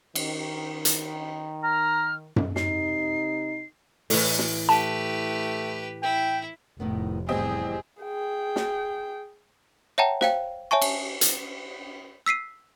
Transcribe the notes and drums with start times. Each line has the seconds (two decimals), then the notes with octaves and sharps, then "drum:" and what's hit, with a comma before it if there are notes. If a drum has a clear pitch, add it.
0.15 D#3, drum: cymbal
0.85 drum: hi-hat
1.63 A#5 F6
2.36 drum: tom F#2
2.56 C3 D#4 C7, drum: snare
4.10 A2 E3, drum: open hi-hat
4.39 drum: snare
4.69 A3 G4 B4 A5
6.03 E4 G5
6.80 F1 A2 D#3 B3
7.29 E2 A2 G3 C4 G4 G#4 D#5
8.02 G#4 G5
8.56 drum: snare
9.98 C#5 E5 F#5 G5 A5 A#5
10.21 C5 F5 G5, drum: snare
10.71 C#5 E5 G#5 A5 C#6
10.82 drum: cymbal
11.21 drum: hi-hat
12.26 E6 B6 C7 D#7